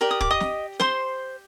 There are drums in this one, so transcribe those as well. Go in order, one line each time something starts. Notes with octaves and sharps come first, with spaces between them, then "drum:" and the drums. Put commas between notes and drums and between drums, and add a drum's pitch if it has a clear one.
G4 A#4 D5
D#6
D6, drum: kick
D#5 D#6
drum: snare
C5 C6, drum: snare